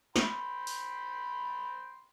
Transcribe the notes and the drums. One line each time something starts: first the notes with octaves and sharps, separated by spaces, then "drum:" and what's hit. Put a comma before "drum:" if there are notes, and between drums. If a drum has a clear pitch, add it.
G5 B5 C6, drum: snare
drum: open hi-hat